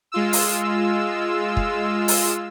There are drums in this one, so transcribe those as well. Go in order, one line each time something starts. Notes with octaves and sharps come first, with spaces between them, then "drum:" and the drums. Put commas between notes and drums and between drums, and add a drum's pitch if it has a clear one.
G#3 F4 E6
drum: open hi-hat
drum: kick
drum: open hi-hat